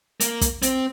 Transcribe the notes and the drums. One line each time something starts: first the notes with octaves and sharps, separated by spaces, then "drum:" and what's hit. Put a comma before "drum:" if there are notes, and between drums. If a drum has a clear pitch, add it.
A#3, drum: hi-hat
drum: kick, hi-hat
C4, drum: hi-hat